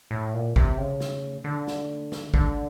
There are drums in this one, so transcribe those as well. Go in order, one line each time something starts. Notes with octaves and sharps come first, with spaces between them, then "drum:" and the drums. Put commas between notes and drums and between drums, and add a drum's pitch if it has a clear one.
A2
A#2
C3, drum: kick
C#3
drum: snare
D3
drum: snare
drum: snare
D3, drum: kick